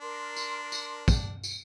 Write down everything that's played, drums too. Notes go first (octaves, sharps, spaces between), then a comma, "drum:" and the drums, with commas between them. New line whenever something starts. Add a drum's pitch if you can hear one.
D4 A#4 C6
drum: tambourine
drum: tambourine
drum: kick, tambourine
drum: tambourine